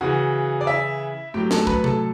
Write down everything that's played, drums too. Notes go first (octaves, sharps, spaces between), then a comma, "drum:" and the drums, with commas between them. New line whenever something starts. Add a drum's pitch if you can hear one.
C#3 E3 F#4 F#5
D5
E4 E5
A2 F#3 G4 G5
A4 A5, drum: snare
B4 B5, drum: kick
A4 A5, drum: tom C3